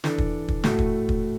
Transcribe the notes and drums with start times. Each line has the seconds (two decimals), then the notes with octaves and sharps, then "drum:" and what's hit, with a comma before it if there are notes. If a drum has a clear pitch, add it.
0.04 E3 D4 A4, drum: snare
0.18 drum: kick
0.48 drum: kick
0.64 A2 A3 F#4 A4, drum: snare
0.79 drum: kick
1.09 drum: kick